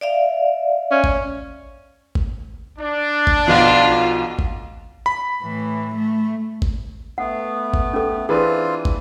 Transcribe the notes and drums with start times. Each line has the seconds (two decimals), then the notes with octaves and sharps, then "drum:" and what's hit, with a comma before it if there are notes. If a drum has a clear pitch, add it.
0.01 D5 E5 F5
0.91 C#4
1.04 drum: kick
2.15 drum: kick
2.79 D4
3.27 drum: kick
3.47 B1 B2 F3 F4
4.39 drum: kick
5.06 B5
5.42 A2 E3
5.95 A3
6.62 drum: kick
7.18 A3 B3 F#5
7.74 drum: kick
7.93 C#4 A4
8.29 E3 C4 D4 F4 G#4 B4
8.85 drum: kick